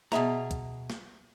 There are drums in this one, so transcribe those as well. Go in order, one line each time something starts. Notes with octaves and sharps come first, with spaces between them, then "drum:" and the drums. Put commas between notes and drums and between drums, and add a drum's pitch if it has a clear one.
B2 G#4 E5 A#5, drum: snare
drum: kick, hi-hat
drum: snare